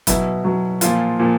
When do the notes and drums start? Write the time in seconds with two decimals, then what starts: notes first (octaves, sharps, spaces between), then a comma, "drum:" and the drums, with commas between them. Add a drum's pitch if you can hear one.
0.07 B2 F#3 E4, drum: kick F#1, hi-hat
0.44 B2 F#3
0.81 A#2 F3 F4, drum: hi-hat
1.19 A#2 F3